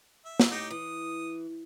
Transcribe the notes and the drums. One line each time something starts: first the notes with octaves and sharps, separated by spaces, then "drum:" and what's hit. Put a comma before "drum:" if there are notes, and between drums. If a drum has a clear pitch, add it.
E5
drum: snare
A2 D#4 G4
E3 D#6